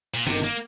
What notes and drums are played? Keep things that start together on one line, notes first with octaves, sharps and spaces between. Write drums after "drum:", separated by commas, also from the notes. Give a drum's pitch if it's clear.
A#2
G1 G2 C3 D#3, drum: snare
A#3